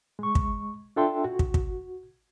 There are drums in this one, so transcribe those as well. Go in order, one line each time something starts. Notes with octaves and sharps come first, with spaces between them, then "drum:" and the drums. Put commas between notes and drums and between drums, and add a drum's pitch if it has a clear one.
G#3 C#6
drum: kick
D4 F4 A4 E5 G5 C6
F#4
drum: kick
drum: kick